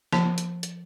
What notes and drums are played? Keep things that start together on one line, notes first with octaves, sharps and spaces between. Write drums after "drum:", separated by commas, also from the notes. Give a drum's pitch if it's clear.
F3 A5, drum: snare
drum: hi-hat
drum: hi-hat